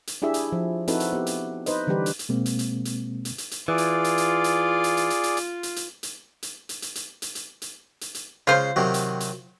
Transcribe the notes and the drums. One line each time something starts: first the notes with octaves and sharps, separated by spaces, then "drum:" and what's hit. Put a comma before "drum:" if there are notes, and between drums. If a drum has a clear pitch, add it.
drum: hi-hat
D4 E4 G4 G#4 E5
drum: hi-hat
F3
C4 D#4 E4 F#4 A4 B4, drum: hi-hat
drum: hi-hat
B3 G4
drum: hi-hat
D#4 B4 C5 D#5, drum: hi-hat
D3 E3 G3 D4 G4 B4
drum: hi-hat
drum: hi-hat
B2 G#3 A#3 C4
drum: hi-hat
drum: hi-hat
drum: hi-hat
drum: hi-hat
drum: hi-hat
drum: hi-hat
E3 F4 G#4 D5
drum: hi-hat
drum: hi-hat
drum: hi-hat
drum: hi-hat
drum: hi-hat
drum: hi-hat
drum: hi-hat
drum: hi-hat
drum: hi-hat
drum: hi-hat
drum: hi-hat
drum: hi-hat
drum: hi-hat
drum: hi-hat
drum: hi-hat
drum: hi-hat
drum: hi-hat
drum: hi-hat
drum: hi-hat
drum: hi-hat
drum: hi-hat
C#3 G#3 F4 C5
C3 D#3 F#3
drum: hi-hat
drum: hi-hat